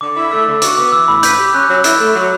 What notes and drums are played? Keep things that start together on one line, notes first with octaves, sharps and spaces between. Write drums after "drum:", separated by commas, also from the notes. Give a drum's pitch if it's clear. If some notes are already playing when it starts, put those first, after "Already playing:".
D3 D6
E4
A3 E6
D3
F#4 D6, drum: hi-hat
B3 D6
E3 E6
A2 B5
B4 G6, drum: hi-hat
G4
C#4 F#6
F#3
E4, drum: hi-hat
A3
F#3